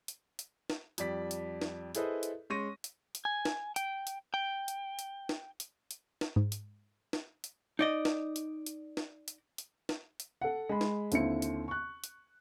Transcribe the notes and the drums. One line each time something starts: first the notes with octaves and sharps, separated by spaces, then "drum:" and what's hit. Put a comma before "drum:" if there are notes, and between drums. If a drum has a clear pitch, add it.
drum: hi-hat
drum: hi-hat
drum: snare
F2 G3 D5 B6, drum: hi-hat
drum: hi-hat
drum: snare
E4 G#4 A4 B4 C5 D#5, drum: hi-hat
drum: hi-hat
G#3 C#4 C6 C#6 A#6 D#7
drum: hi-hat
drum: hi-hat
G#5
drum: snare
G5, drum: hi-hat
drum: hi-hat
G5
drum: hi-hat
drum: hi-hat
drum: snare
drum: hi-hat
drum: hi-hat
drum: snare
G#2
drum: hi-hat
drum: snare
drum: hi-hat
D#4 D5 D#5
drum: snare
drum: hi-hat
drum: hi-hat
drum: snare
drum: hi-hat
drum: hi-hat
drum: snare
drum: hi-hat
A4 F#5
G#3 B5
drum: snare
D#2 D3 C4 E4 C#7, drum: hi-hat
drum: hi-hat
C#6 F#6
drum: hi-hat